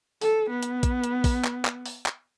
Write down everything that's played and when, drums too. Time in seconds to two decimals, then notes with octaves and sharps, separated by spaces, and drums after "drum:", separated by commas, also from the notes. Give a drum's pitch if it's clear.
0.22 A4, drum: open hi-hat
0.50 B3
0.63 drum: hi-hat
0.83 drum: kick, hi-hat
1.04 drum: hi-hat
1.24 drum: kick, open hi-hat
1.45 drum: clap
1.65 drum: clap
1.86 drum: open hi-hat
2.06 drum: clap